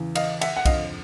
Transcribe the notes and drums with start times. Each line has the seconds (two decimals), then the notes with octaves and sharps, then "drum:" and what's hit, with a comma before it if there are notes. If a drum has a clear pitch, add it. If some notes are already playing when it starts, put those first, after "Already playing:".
Already playing: E2 C#3 E3
0.15 D#5 F5, drum: cymbal
0.41 E5 F#5, drum: cymbal
0.57 F#5
0.65 F2 D3 D#5 F5, drum: kick, cymbal